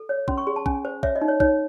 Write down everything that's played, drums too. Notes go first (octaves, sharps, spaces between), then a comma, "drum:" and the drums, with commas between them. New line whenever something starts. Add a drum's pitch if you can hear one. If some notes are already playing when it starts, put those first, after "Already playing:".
Already playing: A4
C#5
C#4 C6, drum: kick
C#6
G#4 C6
A5
C#4 G#5, drum: kick
C5
C#5 E5, drum: kick
D#5
D#4
C#5
D#4 C#5, drum: kick